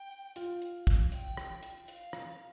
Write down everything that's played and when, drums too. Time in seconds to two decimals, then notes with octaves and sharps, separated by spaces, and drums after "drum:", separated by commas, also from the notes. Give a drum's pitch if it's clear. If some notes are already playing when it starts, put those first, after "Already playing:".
Already playing: G5
0.36 F4, drum: hi-hat
0.62 drum: hi-hat
0.87 drum: kick, hi-hat
1.12 G5, drum: hi-hat
1.37 drum: rim click
1.63 drum: hi-hat
1.88 F5, drum: hi-hat
2.13 drum: rim click